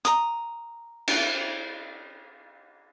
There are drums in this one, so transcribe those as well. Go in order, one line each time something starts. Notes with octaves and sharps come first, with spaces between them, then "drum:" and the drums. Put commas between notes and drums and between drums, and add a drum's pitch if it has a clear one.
A#5 D#6, drum: hi-hat
drum: cymbal